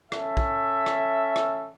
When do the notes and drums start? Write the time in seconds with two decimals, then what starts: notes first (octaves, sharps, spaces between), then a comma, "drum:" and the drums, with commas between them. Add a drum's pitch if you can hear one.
0.12 C#4 A4 E5, drum: rim click
0.37 drum: kick
0.86 drum: rim click
1.36 drum: rim click